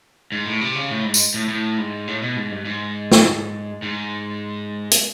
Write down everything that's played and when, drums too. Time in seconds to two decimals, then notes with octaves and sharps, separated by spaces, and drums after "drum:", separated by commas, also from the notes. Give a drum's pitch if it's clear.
0.32 G#2
0.47 A2
0.61 C3
0.76 C#3
0.90 A2
1.05 G#2
1.14 drum: tambourine
1.34 A2
1.48 A2
1.78 G#2
2.08 A2
2.22 B2
2.36 G#2
2.51 G2
2.65 G#2
3.12 drum: snare
3.82 G#2
4.91 drum: hi-hat